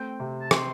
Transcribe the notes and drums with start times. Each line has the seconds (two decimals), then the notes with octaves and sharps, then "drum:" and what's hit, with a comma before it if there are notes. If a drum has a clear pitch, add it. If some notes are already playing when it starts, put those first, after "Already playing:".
Already playing: A3 C4 G5
0.20 C3
0.41 A5
0.51 C4 C6, drum: rim click